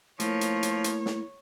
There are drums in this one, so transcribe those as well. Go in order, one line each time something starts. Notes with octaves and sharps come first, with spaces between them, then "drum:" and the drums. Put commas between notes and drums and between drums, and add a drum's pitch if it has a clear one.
F3 A3 A#3 E4 C#5, drum: hi-hat
drum: hi-hat
drum: hi-hat
drum: hi-hat
drum: snare